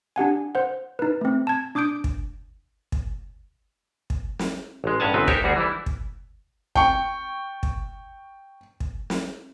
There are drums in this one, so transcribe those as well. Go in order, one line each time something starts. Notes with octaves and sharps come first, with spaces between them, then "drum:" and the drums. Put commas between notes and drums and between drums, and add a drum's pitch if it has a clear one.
D4 G4 F#5 G#5
C5 F#5
D#4 B4
A3 C4
A5 G#6
D4 D6 D#6 G6 D7
drum: kick
drum: kick
drum: kick
drum: snare
A1 G#3
G2 C#4 C#5 F#5 G#5 A5
G1 G#2 B3 C4 B4
D#4 G4 A#4 C5 C#5 E5, drum: kick
D2 G3 F#4 G#4
E3 G3 E4
drum: kick
G5 C#6, drum: kick
drum: kick
drum: kick
drum: snare